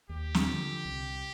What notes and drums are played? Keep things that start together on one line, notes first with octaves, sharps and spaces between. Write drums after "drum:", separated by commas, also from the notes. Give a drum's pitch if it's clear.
D#2 G4
drum: snare
D3 F3
C2